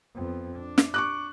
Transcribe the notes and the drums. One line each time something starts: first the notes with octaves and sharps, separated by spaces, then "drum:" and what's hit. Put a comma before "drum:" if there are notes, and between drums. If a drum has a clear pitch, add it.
F2 B3
D4
drum: snare
C#6 D6 F#6